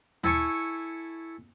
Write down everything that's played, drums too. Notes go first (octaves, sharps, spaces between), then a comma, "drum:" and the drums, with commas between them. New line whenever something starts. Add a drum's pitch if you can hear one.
E4 A4 G#5 C#6, drum: tom D#2